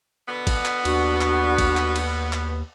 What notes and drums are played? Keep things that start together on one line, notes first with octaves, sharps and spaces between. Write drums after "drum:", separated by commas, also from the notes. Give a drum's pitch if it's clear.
B2 D3 B3
drum: kick G#1, cymbal
drum: clap
D#2 D4 F#4 C#6, drum: cymbal
drum: clap
drum: kick G#1, cymbal
drum: clap
drum: cymbal
drum: clap